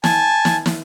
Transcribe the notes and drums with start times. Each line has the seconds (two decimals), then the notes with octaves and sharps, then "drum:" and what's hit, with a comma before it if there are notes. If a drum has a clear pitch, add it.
0.04 G#5 A5, drum: snare
0.45 drum: snare
0.66 drum: snare